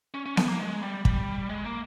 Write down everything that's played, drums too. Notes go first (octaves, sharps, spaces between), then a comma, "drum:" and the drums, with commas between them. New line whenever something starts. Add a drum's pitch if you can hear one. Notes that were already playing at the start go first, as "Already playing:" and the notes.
C#4
C#4
B3, drum: snare B3
A#3
G#3
G3
G3, drum: kick
G#3
A#3